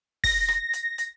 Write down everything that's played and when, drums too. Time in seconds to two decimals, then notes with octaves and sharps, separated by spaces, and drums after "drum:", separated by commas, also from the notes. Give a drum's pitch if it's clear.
0.24 A#6, drum: kick, open hi-hat
0.48 drum: rim click
0.73 drum: hi-hat
0.98 drum: hi-hat